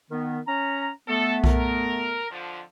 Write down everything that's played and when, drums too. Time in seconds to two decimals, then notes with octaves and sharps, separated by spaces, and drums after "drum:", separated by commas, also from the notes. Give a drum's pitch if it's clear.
0.11 D#3 B3
0.46 C#4 A#5
1.08 A3 B3 A4
1.44 A#4, drum: kick B1
2.31 F2 D3 F3